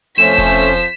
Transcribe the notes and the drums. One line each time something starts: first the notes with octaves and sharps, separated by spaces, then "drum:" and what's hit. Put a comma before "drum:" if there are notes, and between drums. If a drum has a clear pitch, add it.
F2 F3 A3 C#4 C5 B6 E7
drum: kick E1